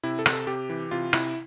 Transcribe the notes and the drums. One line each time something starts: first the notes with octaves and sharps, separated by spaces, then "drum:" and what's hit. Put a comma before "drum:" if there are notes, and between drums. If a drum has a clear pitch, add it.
C3 E4
A4
C3, drum: rim click
A4
C3 G4
E3
C3 F4
C3 E4, drum: rim click